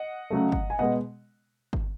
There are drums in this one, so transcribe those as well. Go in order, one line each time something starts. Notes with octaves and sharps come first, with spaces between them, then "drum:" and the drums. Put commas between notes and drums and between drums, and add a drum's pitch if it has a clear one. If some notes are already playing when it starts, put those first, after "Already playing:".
Already playing: D#5 F#5
C#3 F#3 A3
drum: kick G1
G#5
B2 G#3 B3 D#5 F#5
drum: kick G1